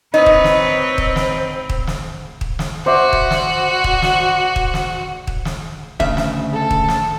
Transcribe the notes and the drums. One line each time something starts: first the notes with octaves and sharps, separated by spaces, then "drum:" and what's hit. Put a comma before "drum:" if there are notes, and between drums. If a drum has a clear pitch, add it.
C4 D#4 B4 C#5 D#5
drum: kick
drum: snare
drum: kick
drum: snare
drum: kick
drum: snare
drum: kick
drum: snare
F#4 C5 D5 E5
drum: kick
drum: snare
drum: kick
drum: snare
drum: kick
drum: snare
drum: kick
drum: snare
D2 C#3 E5, drum: kick
drum: snare
A4
drum: kick
drum: snare